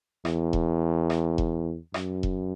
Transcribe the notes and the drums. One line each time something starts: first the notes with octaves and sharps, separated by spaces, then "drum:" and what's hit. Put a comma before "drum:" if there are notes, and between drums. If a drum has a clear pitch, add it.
E2, drum: rim click
drum: kick E1
drum: rim click
drum: kick E1
F#2, drum: rim click
drum: kick E1